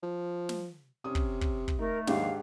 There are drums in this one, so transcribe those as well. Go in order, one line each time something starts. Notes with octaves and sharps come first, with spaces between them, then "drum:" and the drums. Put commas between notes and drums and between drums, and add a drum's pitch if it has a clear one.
F3
drum: snare
C3 C#4 D#6
drum: kick
drum: kick
drum: kick
A3 D#4 A#4
D#2 G#2 D4 G4 F5, drum: snare